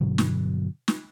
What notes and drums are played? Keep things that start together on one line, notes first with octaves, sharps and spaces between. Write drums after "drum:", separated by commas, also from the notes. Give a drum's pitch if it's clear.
G2 B2 D3 F#3
drum: snare
drum: snare